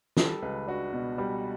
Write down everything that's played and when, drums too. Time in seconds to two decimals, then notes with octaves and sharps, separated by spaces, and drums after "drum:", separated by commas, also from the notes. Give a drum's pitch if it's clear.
0.17 G3 A4, drum: snare
0.42 C#2 B4
0.67 D4 F#4
0.93 B2
1.18 G3